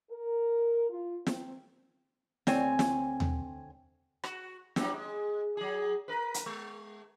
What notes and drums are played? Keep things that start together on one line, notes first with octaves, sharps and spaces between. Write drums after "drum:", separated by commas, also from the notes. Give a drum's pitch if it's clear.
A#4
F4
C4, drum: snare
D2 C4 C#5 G#5, drum: snare
drum: snare
drum: tom D#2
F#4, drum: rim click
F#2 F#3 G3, drum: snare
G#3
F#3 G#4
A#4 B4
drum: hi-hat
G#3